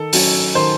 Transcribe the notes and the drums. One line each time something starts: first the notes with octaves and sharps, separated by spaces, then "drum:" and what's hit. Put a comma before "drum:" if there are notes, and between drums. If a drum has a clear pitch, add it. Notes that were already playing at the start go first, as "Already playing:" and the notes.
Already playing: D#3 A4
F#3 C#4 F#4, drum: open hi-hat
D#3 C5